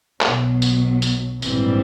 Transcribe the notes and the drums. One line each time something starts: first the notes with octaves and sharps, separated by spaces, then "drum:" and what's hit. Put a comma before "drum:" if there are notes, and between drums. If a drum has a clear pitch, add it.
B1 B2 F#3, drum: clap
drum: tambourine
drum: tambourine
A#1 G#2 E3 G3 C4, drum: tambourine